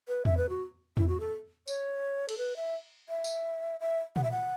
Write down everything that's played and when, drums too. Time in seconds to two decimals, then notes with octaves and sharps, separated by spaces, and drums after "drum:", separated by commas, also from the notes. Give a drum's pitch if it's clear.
0.08 B4
0.25 E5, drum: tom E2
0.37 B4
0.49 F#4
0.97 E4, drum: tom E2
1.08 F#4
1.20 A4
1.68 C#5, drum: tambourine
2.29 A4, drum: cymbal
2.38 B4
2.56 E5
3.09 E5
3.24 drum: tambourine
3.80 E5
4.16 F#5, drum: tom A#2
4.24 E5
4.32 F#5